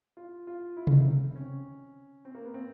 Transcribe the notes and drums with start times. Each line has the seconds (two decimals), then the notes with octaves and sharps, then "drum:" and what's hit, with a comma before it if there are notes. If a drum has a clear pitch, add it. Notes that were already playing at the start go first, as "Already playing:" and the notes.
0.17 F4
0.47 F4
0.77 E4
0.87 E4, drum: tom C3
0.91 D#4
1.07 C4
1.36 C#4
2.25 C4
2.35 A#3
2.45 B3
2.54 C4